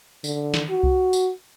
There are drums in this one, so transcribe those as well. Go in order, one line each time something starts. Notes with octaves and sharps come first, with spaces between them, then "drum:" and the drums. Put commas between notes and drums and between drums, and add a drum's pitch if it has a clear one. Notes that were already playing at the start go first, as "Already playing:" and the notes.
D3, drum: tambourine
drum: snare
F#4
drum: kick C2
drum: tambourine